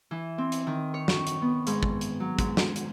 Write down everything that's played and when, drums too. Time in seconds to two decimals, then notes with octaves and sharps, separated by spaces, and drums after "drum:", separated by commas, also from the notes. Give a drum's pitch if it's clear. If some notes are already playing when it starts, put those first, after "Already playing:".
0.11 E3
0.38 C4
0.52 drum: hi-hat
0.67 D#3
0.94 C#5
1.08 drum: snare
1.27 drum: hi-hat
1.42 B3
1.67 G#2, drum: hi-hat
1.83 drum: kick
2.01 drum: hi-hat
2.20 F#3
2.39 G#2, drum: kick, hi-hat
2.57 drum: snare
2.76 drum: hi-hat